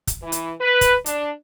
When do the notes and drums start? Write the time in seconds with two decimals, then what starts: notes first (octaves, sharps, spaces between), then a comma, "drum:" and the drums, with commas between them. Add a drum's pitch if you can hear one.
0.07 drum: kick, hi-hat
0.23 E3
0.32 drum: hi-hat
0.61 B4
0.81 drum: kick, hi-hat
1.06 D4, drum: hi-hat